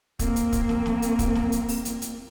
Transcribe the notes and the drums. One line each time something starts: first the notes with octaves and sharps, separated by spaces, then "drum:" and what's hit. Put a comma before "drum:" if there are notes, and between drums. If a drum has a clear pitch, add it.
A#3 C4, drum: kick, hi-hat
drum: hi-hat
drum: kick, hi-hat
drum: snare
drum: snare
drum: hi-hat
drum: kick, hi-hat
drum: snare
drum: hi-hat
drum: open hi-hat
drum: hi-hat
drum: hi-hat